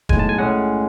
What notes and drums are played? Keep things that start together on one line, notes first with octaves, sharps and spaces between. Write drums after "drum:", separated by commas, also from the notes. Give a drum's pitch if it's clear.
B1 A2 G#3 G#5, drum: kick E1
A5
G#5
A2 G#3 C#4 F#5